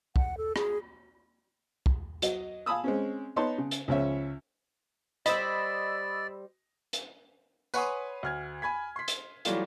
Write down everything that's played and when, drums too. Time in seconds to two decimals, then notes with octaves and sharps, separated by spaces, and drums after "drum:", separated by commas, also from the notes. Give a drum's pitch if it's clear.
0.16 F#5, drum: kick
0.38 A4
0.56 G#4, drum: rim click
1.86 drum: kick
2.22 F#3 D#5, drum: hi-hat
2.66 F5 G#5 A5 B5 D#6 E6
2.84 G#3 C4 C#4
3.36 B3 D#4 C#5 A5 C6
3.58 C#3
3.71 drum: hi-hat
3.88 C#2 F3 C#4 C#5 E5
5.26 G3 C5 D5 D#5 B5 E6, drum: hi-hat
6.93 drum: hi-hat
7.74 B4 C#5 F#5 G#5 C6 D#6, drum: tambourine
8.23 D2 F6 G#6
8.62 G#5 B5 G#6 B6
8.96 C6 B6
9.08 drum: hi-hat
9.45 E3 F#3 G3 A3 F4, drum: hi-hat